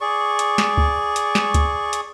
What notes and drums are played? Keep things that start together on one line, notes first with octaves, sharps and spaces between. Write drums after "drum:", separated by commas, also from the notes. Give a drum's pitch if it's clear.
G#4 D5 C#6
drum: hi-hat
drum: snare
drum: kick C#2
drum: hi-hat
drum: snare
drum: kick C#2, hi-hat
drum: hi-hat